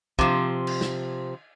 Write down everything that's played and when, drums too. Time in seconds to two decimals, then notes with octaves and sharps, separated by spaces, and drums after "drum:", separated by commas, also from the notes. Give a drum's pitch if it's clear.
0.19 C3 F3, drum: kick
0.67 drum: cymbal
0.81 drum: snare